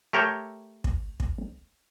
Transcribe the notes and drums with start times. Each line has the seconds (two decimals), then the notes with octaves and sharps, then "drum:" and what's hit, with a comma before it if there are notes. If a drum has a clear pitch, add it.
0.13 A3 G4 A#4 C#5 E5 G5
0.84 drum: kick
1.20 drum: kick